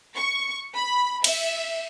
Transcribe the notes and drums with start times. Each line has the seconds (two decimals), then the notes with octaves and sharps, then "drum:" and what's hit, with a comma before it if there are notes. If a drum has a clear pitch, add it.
0.16 C#6
0.76 B5
1.24 E5, drum: cymbal